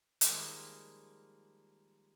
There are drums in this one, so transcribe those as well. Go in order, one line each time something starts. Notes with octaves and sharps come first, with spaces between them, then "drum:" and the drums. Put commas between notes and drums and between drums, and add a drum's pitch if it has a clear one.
D#3 F3 G3 G#3 A#3, drum: hi-hat